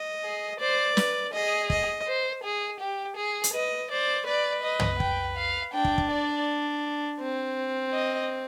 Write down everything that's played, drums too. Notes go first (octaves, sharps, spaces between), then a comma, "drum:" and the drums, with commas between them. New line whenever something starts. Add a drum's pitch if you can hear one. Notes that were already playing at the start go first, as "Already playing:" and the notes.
Already playing: D#5
G#4
C5 D5
B4, drum: snare
G#4 D#5
D#5, drum: kick
C5
G#4
G4
G#4
drum: hi-hat
B4 D#5
C5 D5
B4 D5
D#5
drum: tom
G5, drum: kick
F5
D4 G5
drum: kick
drum: kick
D5
C4
D#5